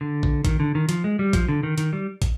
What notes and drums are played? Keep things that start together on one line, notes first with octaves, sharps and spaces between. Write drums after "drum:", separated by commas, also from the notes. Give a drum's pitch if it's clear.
D3
drum: kick
D#3, drum: kick, hi-hat
D3
D#3
F3, drum: hi-hat
G#3
G3
F3, drum: kick, hi-hat
D3
D#3
D#3, drum: hi-hat
G3
drum: kick, hi-hat